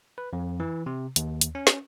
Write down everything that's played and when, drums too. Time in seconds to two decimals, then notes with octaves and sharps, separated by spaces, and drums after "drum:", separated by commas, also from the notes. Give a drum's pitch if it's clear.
0.18 B4
0.33 F2
0.60 E3
0.86 C3
1.16 D#2, drum: hi-hat
1.41 drum: hi-hat
1.55 C#4
1.67 drum: snare